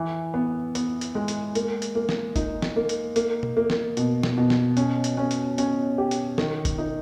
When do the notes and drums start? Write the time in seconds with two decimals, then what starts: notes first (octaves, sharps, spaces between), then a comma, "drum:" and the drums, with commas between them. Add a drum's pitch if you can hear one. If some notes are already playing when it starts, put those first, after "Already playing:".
Already playing: E3
0.34 B3
0.75 B3, drum: hi-hat
1.01 drum: hi-hat
1.15 G#3
1.28 drum: hi-hat
1.55 A#3, drum: hi-hat
1.82 drum: hi-hat
1.95 A#3
2.09 drum: snare
2.36 D#4, drum: kick, hi-hat
2.62 drum: snare
2.76 A#3
2.89 drum: hi-hat
3.16 A#3, drum: hi-hat
3.43 drum: tom B2
3.57 A#3
3.70 drum: snare
3.97 B2, drum: hi-hat
4.23 drum: snare
4.37 B2
4.50 drum: snare
4.77 C#4, drum: hi-hat
5.04 drum: hi-hat
5.17 C#4
5.31 drum: hi-hat
5.58 C#4, drum: hi-hat
5.98 G4
6.11 drum: hi-hat
6.38 D#3, drum: snare
6.65 drum: kick, hi-hat
6.78 D#4